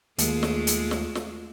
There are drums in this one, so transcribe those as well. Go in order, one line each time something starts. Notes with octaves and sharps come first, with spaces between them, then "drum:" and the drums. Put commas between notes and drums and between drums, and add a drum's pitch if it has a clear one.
D#2 G#3 A3 F4, drum: hi-hat
drum: snare
drum: hi-hat
drum: snare
drum: snare